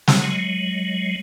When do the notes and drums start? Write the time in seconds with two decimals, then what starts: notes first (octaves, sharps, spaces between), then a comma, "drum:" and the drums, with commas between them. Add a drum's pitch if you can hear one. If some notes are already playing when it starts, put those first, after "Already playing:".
0.08 drum: snare
0.22 F#3 G#3